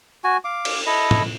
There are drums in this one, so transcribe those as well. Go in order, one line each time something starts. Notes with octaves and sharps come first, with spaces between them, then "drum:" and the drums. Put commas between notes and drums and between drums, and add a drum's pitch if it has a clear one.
F#4 G#5
F5 D6
drum: cymbal
E4 A4 D#5
drum: tom